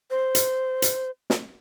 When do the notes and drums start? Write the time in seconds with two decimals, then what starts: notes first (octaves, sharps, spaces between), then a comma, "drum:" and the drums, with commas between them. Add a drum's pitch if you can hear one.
0.11 C5
0.35 drum: hi-hat
0.82 drum: hi-hat
1.30 drum: snare